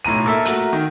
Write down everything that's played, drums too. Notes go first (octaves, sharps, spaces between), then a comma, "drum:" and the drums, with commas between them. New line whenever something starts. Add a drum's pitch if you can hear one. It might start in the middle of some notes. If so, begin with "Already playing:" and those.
B1 A2 A#5 D#7
A#3 A4 E5
A3 F#4 A#4, drum: hi-hat
D#3